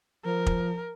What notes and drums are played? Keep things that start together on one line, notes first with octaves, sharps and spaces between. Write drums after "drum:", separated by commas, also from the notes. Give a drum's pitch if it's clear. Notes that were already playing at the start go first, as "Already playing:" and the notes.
F3 A#4
drum: kick